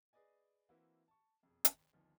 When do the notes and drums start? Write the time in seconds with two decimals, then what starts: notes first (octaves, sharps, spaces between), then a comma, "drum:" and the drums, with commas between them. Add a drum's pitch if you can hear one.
0.13 G#4 B4 D5 D#5 G#5
0.69 E3 A#3 C4 E4 F#4 B4
1.08 A5 C#6
1.43 E1 F2
1.65 G#1, drum: hi-hat
1.93 G#1 D2 F3 B3 D#4